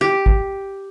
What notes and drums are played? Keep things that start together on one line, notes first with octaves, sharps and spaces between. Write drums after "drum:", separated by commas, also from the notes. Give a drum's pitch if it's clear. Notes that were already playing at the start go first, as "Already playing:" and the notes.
G4
drum: kick